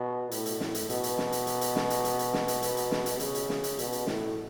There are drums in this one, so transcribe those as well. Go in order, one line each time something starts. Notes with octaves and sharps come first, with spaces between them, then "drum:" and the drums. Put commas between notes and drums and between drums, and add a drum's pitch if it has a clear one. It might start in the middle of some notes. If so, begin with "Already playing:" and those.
Already playing: B2
A2, drum: hi-hat
drum: hi-hat
A2, drum: snare
drum: hi-hat
B2, drum: hi-hat
drum: hi-hat
drum: snare
drum: hi-hat
drum: hi-hat
drum: hi-hat
drum: snare
drum: hi-hat
drum: hi-hat
drum: hi-hat
drum: snare
drum: hi-hat
drum: hi-hat
drum: hi-hat
drum: snare
drum: hi-hat
C#3, drum: hi-hat
drum: hi-hat
drum: snare
drum: hi-hat
B2, drum: hi-hat
drum: hi-hat
A2, drum: snare